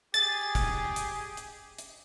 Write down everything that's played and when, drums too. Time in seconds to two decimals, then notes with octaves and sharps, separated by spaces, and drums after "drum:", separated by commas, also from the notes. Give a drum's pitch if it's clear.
0.14 G4 G#4 A6, drum: hi-hat
0.55 drum: kick, hi-hat
0.96 drum: hi-hat
1.37 drum: hi-hat
1.79 drum: hi-hat